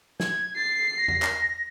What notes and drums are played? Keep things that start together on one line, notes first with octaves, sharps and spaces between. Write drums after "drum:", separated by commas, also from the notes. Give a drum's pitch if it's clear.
G#6, drum: snare
A6 C7
A#6
drum: tom E2
drum: clap